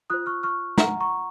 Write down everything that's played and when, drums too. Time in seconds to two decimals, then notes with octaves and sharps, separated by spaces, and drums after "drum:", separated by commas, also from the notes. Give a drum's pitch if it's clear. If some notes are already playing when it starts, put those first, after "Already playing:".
0.10 F4 C5 D#6 F#6
0.26 C#6 F6
0.43 C#6 F6
0.78 F#5 A#5, drum: snare
1.01 A#5 C#6